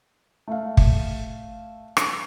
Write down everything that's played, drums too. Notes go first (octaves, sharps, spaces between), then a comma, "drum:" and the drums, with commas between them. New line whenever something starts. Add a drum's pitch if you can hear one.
A3 F5
drum: kick
drum: rim click